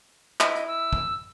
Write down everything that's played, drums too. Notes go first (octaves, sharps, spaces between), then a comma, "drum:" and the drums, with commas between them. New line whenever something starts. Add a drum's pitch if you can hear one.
E4 D#5, drum: clap
drum: hi-hat
E6
drum: kick